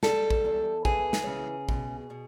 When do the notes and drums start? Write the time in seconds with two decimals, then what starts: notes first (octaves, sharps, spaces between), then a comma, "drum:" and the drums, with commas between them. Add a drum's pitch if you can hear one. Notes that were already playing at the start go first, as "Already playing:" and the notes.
0.03 G3 A4, drum: snare
0.30 drum: kick A1
0.45 E2
0.85 E3 G#4, drum: kick A1
1.13 drum: snare
1.26 C#3
1.69 B2, drum: kick A1
2.10 B2